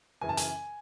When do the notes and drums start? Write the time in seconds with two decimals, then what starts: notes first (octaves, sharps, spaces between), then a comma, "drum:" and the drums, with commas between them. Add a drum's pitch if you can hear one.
0.21 F#2 C#3 E3 G#5
0.29 A5
0.37 G#5, drum: hi-hat